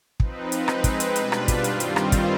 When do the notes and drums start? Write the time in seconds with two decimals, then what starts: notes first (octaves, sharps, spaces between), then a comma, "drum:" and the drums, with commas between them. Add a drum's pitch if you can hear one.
0.20 F3 C4 D#4 B4, drum: kick
0.52 drum: hi-hat
0.68 G#3 C4 D#4 B4, drum: rim click
0.84 drum: kick, hi-hat
1.00 drum: hi-hat
1.16 B2 G3 D4 F4 B4, drum: hi-hat
1.32 drum: rim click
1.48 drum: kick, hi-hat
1.64 G2 D#3 G3 C4 F4, drum: hi-hat
1.80 drum: hi-hat
1.96 drum: rim click
2.12 drum: kick, hi-hat